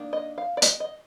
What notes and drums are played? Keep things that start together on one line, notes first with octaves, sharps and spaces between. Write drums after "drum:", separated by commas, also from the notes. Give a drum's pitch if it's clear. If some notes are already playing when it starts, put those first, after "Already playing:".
Already playing: D#3 A#3 D4
D#5
F5
D5
D#5, drum: hi-hat
D#5